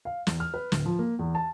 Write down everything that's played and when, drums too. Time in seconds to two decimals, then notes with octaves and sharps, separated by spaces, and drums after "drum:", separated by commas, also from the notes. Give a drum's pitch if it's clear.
0.05 F5
0.27 E2, drum: snare
0.40 F6
0.54 B4
0.72 D1, drum: snare
0.86 F3
0.99 A#3
1.19 E2
1.35 A5